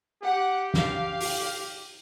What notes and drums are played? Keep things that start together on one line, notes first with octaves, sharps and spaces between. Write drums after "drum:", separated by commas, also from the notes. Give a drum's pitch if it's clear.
G4 F#5
F5, drum: snare
drum: open hi-hat